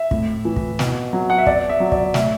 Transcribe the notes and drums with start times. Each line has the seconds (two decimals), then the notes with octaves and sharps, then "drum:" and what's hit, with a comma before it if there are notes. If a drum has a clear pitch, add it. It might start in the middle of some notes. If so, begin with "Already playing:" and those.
Already playing: E5
0.11 A2, drum: kick
0.45 E3
0.56 drum: kick
0.79 B2, drum: snare
1.13 F#3
1.30 F#5
1.38 E5
1.47 B2 D5, drum: kick
1.69 E5
1.80 F#3
1.92 D5, drum: kick
2.14 A2 E5, drum: snare